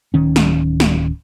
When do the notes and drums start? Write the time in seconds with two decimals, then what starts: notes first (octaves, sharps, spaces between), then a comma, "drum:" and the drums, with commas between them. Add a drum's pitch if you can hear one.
0.14 D1 D#3 C#4
0.36 drum: snare
0.80 drum: snare